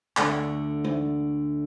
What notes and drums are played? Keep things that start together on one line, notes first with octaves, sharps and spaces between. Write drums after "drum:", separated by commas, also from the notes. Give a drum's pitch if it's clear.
D2 D3 A3, drum: clap
drum: tom G#3